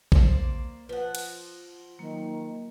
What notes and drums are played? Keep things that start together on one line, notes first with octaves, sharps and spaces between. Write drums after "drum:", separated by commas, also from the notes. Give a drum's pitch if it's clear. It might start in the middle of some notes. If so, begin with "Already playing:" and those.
A#3 C5 D5, drum: kick A#1
F3 F4 B4 F#5
drum: cymbal
D#3 F#3 A#3